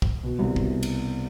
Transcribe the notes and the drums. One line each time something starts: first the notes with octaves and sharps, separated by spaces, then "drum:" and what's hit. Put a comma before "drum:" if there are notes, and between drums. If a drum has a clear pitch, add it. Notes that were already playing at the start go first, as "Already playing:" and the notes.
drum: kick
B2
C2
B2, drum: kick
drum: cymbal